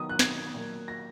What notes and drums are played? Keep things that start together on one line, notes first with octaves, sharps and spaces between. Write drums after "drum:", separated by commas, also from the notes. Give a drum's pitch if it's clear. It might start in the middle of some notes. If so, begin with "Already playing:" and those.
Already playing: D#3 F#3 B3 D#6
F#6
G#6, drum: snare
A#2 F#3 A#3
A#6